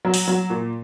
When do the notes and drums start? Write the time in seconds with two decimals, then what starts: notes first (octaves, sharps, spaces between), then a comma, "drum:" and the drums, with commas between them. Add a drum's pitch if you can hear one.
0.05 F#3
0.14 drum: open hi-hat
0.27 F#3
0.50 A#2